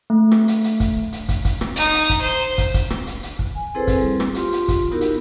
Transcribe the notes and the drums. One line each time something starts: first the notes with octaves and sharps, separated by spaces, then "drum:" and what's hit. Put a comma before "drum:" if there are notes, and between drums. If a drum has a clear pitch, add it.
A3
drum: rim click
drum: hi-hat
drum: hi-hat
drum: kick, hi-hat
drum: hi-hat
drum: kick, hi-hat
drum: kick, hi-hat
drum: rim click
D#4, drum: hi-hat
drum: hi-hat
drum: kick, hi-hat
C5
drum: kick, hi-hat
drum: kick, hi-hat
drum: rim click
drum: hi-hat
drum: hi-hat
drum: kick
G#5
C4 E4 G#4 A4 B4 C5
drum: kick, hi-hat
G3 C4
drum: rim click
F4 G4 C6, drum: hi-hat
drum: hi-hat
drum: kick, hi-hat
B3 D#4 E4 F#4 G4 A#4
drum: hi-hat